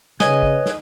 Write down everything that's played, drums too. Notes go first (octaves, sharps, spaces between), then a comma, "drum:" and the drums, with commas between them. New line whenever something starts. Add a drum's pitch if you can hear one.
C#3 B4 C#5 D#5 G#5, drum: snare
drum: kick
drum: snare